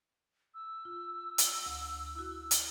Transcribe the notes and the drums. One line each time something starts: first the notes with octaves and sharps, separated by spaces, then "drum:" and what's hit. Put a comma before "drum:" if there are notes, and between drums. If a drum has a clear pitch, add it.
E6
F4
drum: hi-hat
D2
E4 F#4
drum: hi-hat